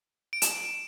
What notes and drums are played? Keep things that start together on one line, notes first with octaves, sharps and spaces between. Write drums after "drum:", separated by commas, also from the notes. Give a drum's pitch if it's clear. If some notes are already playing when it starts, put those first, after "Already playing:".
D7
E7, drum: hi-hat